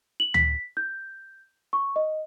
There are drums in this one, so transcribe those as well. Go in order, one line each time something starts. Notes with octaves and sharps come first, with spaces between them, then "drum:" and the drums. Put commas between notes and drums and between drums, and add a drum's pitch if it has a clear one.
F#7
B6, drum: tom D2
G6
C#6
D#5